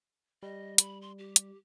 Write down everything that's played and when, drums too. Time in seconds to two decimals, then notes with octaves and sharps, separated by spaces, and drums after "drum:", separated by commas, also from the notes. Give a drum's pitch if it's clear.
0.43 G3 D#5
0.78 B5, drum: hi-hat
1.02 C6
1.18 G4
1.36 drum: hi-hat